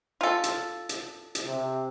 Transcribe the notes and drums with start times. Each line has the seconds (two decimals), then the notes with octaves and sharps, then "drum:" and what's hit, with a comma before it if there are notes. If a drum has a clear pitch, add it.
0.21 F4 A4
0.44 drum: hi-hat
0.89 drum: hi-hat
1.35 drum: hi-hat
1.45 C3